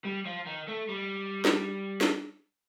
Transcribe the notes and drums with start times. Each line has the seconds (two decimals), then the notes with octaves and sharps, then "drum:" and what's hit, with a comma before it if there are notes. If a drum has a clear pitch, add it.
0.04 G3
0.26 F3
0.46 D#3
0.68 A3
0.89 G3
1.45 drum: snare
2.01 drum: snare